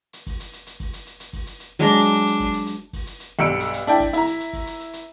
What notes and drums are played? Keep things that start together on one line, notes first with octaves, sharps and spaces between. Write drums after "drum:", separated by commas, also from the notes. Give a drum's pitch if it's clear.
drum: hi-hat
drum: kick, open hi-hat
drum: hi-hat
drum: hi-hat
drum: hi-hat
drum: kick, open hi-hat
drum: hi-hat
drum: hi-hat
drum: hi-hat
drum: kick, open hi-hat
drum: hi-hat
drum: hi-hat
F#3 G#3 D4 A#5
drum: hi-hat
drum: hi-hat
drum: hi-hat
drum: kick, open hi-hat
drum: hi-hat
drum: hi-hat
drum: kick, open hi-hat
drum: hi-hat
drum: hi-hat
B1 G2 E6 C#7 D7
drum: hi-hat
drum: hi-hat
D4 E4 G5, drum: hi-hat
drum: kick, open hi-hat
E4 A#5, drum: hi-hat
drum: hi-hat
drum: hi-hat
drum: kick, open hi-hat
drum: hi-hat
drum: hi-hat
drum: hi-hat